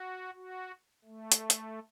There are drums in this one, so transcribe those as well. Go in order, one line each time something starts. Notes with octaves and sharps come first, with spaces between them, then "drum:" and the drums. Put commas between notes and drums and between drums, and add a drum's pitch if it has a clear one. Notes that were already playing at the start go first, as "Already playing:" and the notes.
Already playing: F#4
F#4
A3
drum: hi-hat
drum: hi-hat